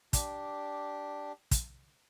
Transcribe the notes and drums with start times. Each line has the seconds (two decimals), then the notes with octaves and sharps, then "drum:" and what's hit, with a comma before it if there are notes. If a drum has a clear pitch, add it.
0.13 D4 G4, drum: kick, hi-hat
1.51 drum: kick, hi-hat